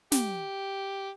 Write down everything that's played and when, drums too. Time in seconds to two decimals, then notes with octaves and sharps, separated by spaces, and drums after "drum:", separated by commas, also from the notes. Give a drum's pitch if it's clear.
0.12 G4, drum: snare